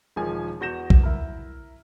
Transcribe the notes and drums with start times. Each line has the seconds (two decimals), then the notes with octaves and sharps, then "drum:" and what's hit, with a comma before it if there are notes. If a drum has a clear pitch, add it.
0.16 E1 D#3 F3 G#5
0.61 E2 F#4 G6 A#6 E7
0.90 drum: kick
1.03 E4 A#4